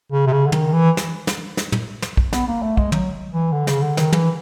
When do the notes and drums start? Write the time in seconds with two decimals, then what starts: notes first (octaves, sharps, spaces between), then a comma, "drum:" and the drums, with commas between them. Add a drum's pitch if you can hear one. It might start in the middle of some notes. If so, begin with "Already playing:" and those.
0.12 C#3
0.27 C3
0.33 C#3
0.47 D3
0.52 D#3, drum: tom
0.73 E3
0.97 drum: snare
1.27 drum: snare
1.57 drum: snare
1.72 drum: tom
2.02 drum: snare
2.17 drum: kick
2.33 B3, drum: snare
2.48 A#3
2.63 A3
2.77 G#3, drum: kick
2.92 F#3, drum: tom
3.33 E3
3.52 D3
3.67 C#3, drum: snare
3.82 D3
3.97 D#3, drum: snare
4.13 E3, drum: tom